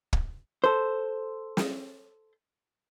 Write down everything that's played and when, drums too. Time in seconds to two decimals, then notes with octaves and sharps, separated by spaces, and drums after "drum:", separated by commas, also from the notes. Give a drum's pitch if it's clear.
0.13 drum: kick
0.64 A4 C5
1.57 drum: snare